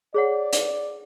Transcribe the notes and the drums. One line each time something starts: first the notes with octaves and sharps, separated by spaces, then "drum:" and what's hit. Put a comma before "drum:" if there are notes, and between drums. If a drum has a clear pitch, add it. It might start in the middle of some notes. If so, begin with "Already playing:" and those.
G#4 C#5 D5 F#5
drum: hi-hat